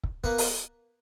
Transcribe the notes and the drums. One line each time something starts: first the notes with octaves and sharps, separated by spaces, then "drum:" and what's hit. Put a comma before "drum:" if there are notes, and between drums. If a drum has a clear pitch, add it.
drum: kick
A#3 B3 B4, drum: kick
drum: open hi-hat